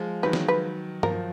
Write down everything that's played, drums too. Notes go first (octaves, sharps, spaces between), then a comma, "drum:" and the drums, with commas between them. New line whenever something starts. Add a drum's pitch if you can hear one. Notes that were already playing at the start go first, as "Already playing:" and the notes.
Already playing: F3 G#3
D#3 F#3 B4
drum: snare
B4
F3 A#4, drum: tom